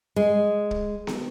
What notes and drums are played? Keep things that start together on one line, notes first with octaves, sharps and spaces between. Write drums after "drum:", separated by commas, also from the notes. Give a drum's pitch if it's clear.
G#3
drum: kick
drum: snare B3